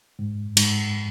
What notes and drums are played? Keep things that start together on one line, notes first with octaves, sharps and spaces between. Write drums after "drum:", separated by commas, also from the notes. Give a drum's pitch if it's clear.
G#2
G#2, drum: cymbal